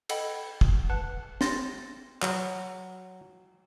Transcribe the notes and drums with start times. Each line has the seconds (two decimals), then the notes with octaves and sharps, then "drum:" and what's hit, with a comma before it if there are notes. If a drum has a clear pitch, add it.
0.09 A4 D#5 F#5 G5 B5, drum: cymbal
0.61 drum: kick
0.90 B4 F#5 A5 F#6
1.41 C6 A6 A#6, drum: snare
2.22 F#3, drum: clap